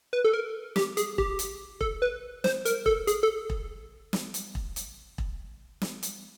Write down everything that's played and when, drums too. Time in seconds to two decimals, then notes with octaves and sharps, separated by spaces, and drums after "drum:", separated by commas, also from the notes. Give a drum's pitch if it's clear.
0.13 B4
0.24 A4
0.33 A#4
0.76 G4, drum: snare
0.97 G#4, drum: hi-hat
1.18 G4, drum: kick E1
1.39 drum: hi-hat
1.81 A4, drum: kick E1
2.02 B4
2.44 C5, drum: snare
2.65 A#4, drum: hi-hat
2.86 A4, drum: kick E1
3.07 G#4, drum: hi-hat
3.23 A4
3.50 drum: kick E1
4.13 drum: snare
4.34 drum: hi-hat
4.55 drum: kick E1
4.76 drum: hi-hat
5.18 drum: kick E1
5.81 drum: snare
6.03 drum: hi-hat